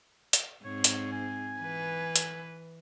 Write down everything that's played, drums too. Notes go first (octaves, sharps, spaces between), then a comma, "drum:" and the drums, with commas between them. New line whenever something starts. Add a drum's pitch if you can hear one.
drum: hi-hat
G#2 C4 C#5
drum: hi-hat
G#5
E3 B4
drum: hi-hat